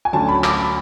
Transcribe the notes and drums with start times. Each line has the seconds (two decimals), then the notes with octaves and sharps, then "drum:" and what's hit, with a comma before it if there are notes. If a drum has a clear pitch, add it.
0.05 G#5
0.13 D2 D3 F#3 C#4 A5
0.28 B5
0.44 D6, drum: clap